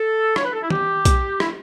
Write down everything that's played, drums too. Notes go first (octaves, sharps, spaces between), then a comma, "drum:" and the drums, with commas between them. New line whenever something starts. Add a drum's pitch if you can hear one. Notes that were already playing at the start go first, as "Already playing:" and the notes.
Already playing: A4
C#5, drum: rim click
B4
A4
E4
G4, drum: tom D#3
drum: kick B1, hi-hat
E4, drum: rim click